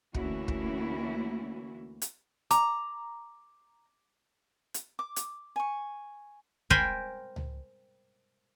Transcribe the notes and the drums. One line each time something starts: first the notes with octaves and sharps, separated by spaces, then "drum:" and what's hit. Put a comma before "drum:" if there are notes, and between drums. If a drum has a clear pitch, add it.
D2 E3 A#3 C#4 E4 F#4, drum: kick
drum: kick
drum: hi-hat
A#5 D6, drum: hi-hat
drum: hi-hat
D6
drum: hi-hat
G#5 C#6
A#4 C5 G5 G#5 B5, drum: kick
drum: tom C#2